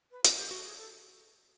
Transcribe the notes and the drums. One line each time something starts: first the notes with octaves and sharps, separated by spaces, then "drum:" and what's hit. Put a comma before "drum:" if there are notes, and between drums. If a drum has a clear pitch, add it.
B4
F4, drum: hi-hat
G4
F#4
A4
G#4
A4